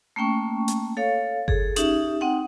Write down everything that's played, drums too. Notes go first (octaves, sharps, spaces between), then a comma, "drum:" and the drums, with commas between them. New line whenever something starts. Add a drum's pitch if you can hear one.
A3 A#3 C#4 G5 C#6
drum: hi-hat
A4 C#5 F5
G#4 A4, drum: kick G1
C#4 D#4 G4 E5, drum: hi-hat
C4 D#4 F#5 G5